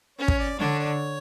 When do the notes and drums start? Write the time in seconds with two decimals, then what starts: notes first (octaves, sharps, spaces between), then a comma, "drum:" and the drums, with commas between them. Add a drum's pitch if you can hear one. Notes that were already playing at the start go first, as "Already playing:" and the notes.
0.18 C#4 C#5
0.28 drum: kick
0.39 D5
0.59 D3 D4 C#5
0.79 C#5